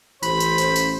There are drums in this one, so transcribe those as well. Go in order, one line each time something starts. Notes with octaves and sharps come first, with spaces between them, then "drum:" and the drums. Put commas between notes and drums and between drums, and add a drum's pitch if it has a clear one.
A1 C5 B5, drum: tambourine
drum: tambourine
drum: tambourine
drum: tambourine